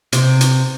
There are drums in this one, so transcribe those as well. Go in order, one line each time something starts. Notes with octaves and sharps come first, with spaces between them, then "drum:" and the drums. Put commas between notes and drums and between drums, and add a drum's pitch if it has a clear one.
C3, drum: hi-hat
drum: hi-hat